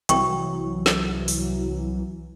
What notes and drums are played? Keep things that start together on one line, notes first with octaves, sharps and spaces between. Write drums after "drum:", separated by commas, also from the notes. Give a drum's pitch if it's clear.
C2 E3 F#3 G5 C#6, drum: hi-hat
drum: snare
drum: open hi-hat